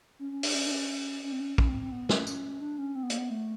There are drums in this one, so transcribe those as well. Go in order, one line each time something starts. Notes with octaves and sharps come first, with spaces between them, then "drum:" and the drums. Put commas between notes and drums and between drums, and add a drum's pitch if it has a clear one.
C#4
C#4
D4, drum: open hi-hat
C#4
D4
C#4
C#4
C4
C#4
C#4, drum: kick
C4
C4
B3
C#4, drum: snare
C#4, drum: tambourine
D4
C#4
C4
B3
A#3, drum: hi-hat
B3
A3